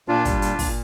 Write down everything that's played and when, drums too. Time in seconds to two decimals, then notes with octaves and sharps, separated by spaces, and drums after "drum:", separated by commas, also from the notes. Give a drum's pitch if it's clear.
0.08 A#2 D4 F4
0.25 G3, drum: kick, hi-hat
0.42 A#2, drum: hi-hat
0.59 A#2, drum: kick, open hi-hat